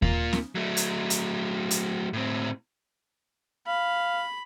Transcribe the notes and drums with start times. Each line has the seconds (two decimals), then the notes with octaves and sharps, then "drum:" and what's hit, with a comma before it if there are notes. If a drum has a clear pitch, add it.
0.02 A#3 F4, drum: kick D#2
0.33 drum: snare C4
0.55 F#3 A3
0.77 drum: hi-hat
1.10 drum: hi-hat
1.71 drum: hi-hat
2.13 A2 C4
3.67 F5 B5